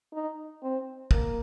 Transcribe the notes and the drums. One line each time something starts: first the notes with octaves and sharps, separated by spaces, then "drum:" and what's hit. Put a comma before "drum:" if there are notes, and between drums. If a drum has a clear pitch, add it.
D#4
C4
A#3, drum: kick